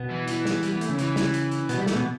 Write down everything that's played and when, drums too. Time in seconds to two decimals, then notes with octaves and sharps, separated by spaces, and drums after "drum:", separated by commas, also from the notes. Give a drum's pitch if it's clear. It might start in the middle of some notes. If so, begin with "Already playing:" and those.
Already playing: B2 B3
0.10 E3
0.28 E3, drum: hi-hat
0.45 drum: snare
0.63 G3, drum: hi-hat
0.72 B3
0.81 A3, drum: hi-hat
0.89 C#3 C#4
0.99 E3, drum: hi-hat
1.16 drum: snare
1.34 drum: hi-hat
1.51 drum: hi-hat
1.69 B2 B3, drum: hi-hat
1.77 G3
1.86 A3, drum: snare
1.95 B2 B3